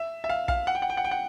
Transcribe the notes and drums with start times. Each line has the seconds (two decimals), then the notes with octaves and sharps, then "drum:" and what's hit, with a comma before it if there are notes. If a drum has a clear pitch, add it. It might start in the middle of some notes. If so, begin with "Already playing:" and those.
Already playing: E5
0.24 E5
0.29 F5
0.48 F5, drum: kick
0.67 F#5
0.75 G5
0.82 F#5
0.90 G5
0.97 F#5
1.05 G5
1.11 F#5